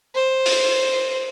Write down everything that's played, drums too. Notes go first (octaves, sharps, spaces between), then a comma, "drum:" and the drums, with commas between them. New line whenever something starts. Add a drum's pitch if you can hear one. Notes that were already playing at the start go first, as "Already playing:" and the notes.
C5
drum: open hi-hat